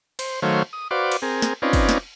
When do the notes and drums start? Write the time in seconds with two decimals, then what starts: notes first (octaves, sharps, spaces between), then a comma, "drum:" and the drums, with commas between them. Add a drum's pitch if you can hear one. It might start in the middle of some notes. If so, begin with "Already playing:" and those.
0.19 C5, drum: cymbal
0.42 D#3 F#3 A3 C5 C#5 F5
0.73 D#6
0.91 F#4 B4 C5 D5 F5 D6
1.12 drum: cymbal
1.22 C4 G#4 A#4
1.42 drum: snare
1.62 C4 C#4 D#4 F4 B4 D5
1.73 drum: kick, cymbal
1.89 drum: snare